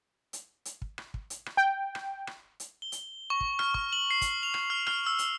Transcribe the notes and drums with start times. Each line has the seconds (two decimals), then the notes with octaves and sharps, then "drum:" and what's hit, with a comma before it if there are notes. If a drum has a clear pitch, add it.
0.33 drum: hi-hat
0.65 drum: hi-hat
0.82 drum: kick
0.98 drum: rim click
1.14 drum: kick
1.30 drum: hi-hat
1.46 drum: rim click
1.57 G5
1.95 drum: rim click
2.27 drum: rim click
2.60 drum: hi-hat
2.82 G7
2.92 drum: hi-hat
3.30 C#6
3.41 drum: kick
3.59 F6, drum: rim click
3.74 C#6, drum: kick
3.93 F#7
4.11 C7
4.22 drum: kick, hi-hat
4.43 F7
4.54 drum: rim click
4.70 F6
4.87 F6, drum: rim click
5.07 E6
5.19 drum: hi-hat